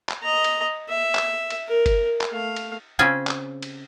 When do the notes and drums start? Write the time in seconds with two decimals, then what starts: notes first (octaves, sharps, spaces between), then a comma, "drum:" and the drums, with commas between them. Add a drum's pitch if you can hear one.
0.09 drum: clap
0.22 D#5 A#5
0.44 drum: cymbal
0.88 E5
1.15 drum: clap
1.50 drum: cymbal
1.68 A#4
1.86 drum: kick G1, cymbal
2.21 drum: clap
2.31 A3 F5
2.56 drum: cymbal
2.99 C#3 C4 C#4 F4 G#4
3.27 drum: clap
3.63 drum: cymbal